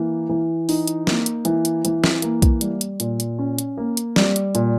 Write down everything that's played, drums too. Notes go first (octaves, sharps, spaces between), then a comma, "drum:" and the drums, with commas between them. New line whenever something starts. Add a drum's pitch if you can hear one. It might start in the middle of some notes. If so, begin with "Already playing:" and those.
Already playing: E3 A#3
E3
D#4, drum: open hi-hat
drum: hi-hat
A#3, drum: snare
drum: hi-hat
E3, drum: hi-hat
drum: hi-hat
E3, drum: hi-hat
drum: snare
A#3, drum: hi-hat
drum: kick B1, hi-hat
G3, drum: hi-hat
drum: hi-hat
A#2, drum: hi-hat
drum: hi-hat
C#4
drum: hi-hat
A#3
drum: hi-hat
G3, drum: snare
drum: hi-hat
A#2, drum: hi-hat